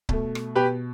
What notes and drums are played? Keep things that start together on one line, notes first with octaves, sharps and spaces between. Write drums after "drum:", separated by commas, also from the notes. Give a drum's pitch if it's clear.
B2 A3, drum: kick C#1
drum: rim click
B2 G4 B4